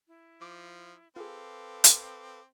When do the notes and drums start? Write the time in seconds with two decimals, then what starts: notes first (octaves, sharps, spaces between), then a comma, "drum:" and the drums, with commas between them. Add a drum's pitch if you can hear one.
0.08 E4
0.42 F3 D6
1.16 C4 F4 G#4 A4 B4 F5 D6
1.84 drum: hi-hat